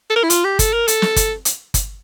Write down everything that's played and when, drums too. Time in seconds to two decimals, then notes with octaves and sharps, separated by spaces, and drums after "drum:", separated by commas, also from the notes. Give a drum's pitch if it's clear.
0.10 A4
0.16 A#4
0.23 E4
0.30 F4, drum: hi-hat
0.45 G4
0.59 A4, drum: kick G1, hi-hat
0.73 A#4
0.88 A4, drum: hi-hat
1.02 drum: snare
1.16 drum: kick G1, hi-hat
1.45 drum: hi-hat
1.74 drum: kick G1, hi-hat